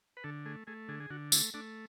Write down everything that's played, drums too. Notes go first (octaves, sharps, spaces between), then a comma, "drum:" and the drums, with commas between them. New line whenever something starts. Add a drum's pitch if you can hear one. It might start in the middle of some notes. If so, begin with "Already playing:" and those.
B4
D3 A4
A3 G#4
A3 G#4
D3 G#4
G#4
D3 F#4
A3 E4, drum: tambourine
A3 D4